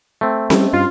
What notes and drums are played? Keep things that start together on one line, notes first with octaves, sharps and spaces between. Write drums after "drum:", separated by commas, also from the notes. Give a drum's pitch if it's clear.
A3 C4
G3 C#4 D#5, drum: snare C4
G2 F4